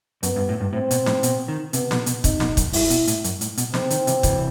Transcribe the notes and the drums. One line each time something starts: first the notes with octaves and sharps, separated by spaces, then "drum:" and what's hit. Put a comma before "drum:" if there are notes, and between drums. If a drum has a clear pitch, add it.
F#2 B3, drum: hi-hat
G2
A2
G2
A2 C4
B2, drum: hi-hat
A2, drum: snare
B2, drum: hi-hat
D#3
C3 B3, drum: hi-hat
B2, drum: snare
B2, drum: hi-hat
C3 D#4, drum: kick, hi-hat
B2, drum: snare
F#2, drum: kick, hi-hat
G2 E4, drum: open hi-hat
B2, drum: hi-hat
A2, drum: hi-hat
F#2, drum: hi-hat
A2, drum: hi-hat
B2, drum: hi-hat
C3 C4, drum: snare
D#3, drum: hi-hat
C3 E3, drum: hi-hat
C3 E3, drum: kick, hi-hat